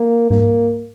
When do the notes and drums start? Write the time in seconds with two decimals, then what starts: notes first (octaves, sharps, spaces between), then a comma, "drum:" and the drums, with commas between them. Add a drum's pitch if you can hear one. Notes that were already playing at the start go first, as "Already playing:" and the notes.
Already playing: A#3
0.30 A#3, drum: tom G#2